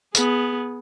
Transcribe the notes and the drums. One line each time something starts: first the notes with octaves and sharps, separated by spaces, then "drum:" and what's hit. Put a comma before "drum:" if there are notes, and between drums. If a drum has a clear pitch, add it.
B3 G#4, drum: tambourine